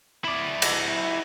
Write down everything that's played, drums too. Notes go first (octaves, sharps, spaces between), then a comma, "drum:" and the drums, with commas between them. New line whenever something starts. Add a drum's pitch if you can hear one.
E4 D5
drum: cymbal